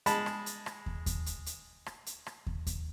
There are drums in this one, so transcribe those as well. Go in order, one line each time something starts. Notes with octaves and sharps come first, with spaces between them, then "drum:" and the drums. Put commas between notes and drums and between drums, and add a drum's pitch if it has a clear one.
G#3 A5 B5, drum: hi-hat
drum: rim click
drum: hi-hat
drum: rim click
drum: kick
drum: kick, hi-hat
drum: hi-hat
drum: hi-hat
drum: rim click
drum: hi-hat
drum: rim click
drum: kick
drum: kick, hi-hat